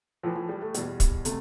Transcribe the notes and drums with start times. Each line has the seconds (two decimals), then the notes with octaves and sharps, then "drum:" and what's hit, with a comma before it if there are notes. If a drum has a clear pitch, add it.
0.23 A2 E3 F3
0.36 F3
0.49 G3
0.62 A3
0.74 E2 B2 G3, drum: hi-hat
1.00 drum: kick, hi-hat
1.25 C3 A3, drum: hi-hat